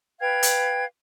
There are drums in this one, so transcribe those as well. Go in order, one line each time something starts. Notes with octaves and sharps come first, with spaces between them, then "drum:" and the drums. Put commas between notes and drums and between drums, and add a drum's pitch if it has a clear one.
B4 F5 G5 G#6
drum: hi-hat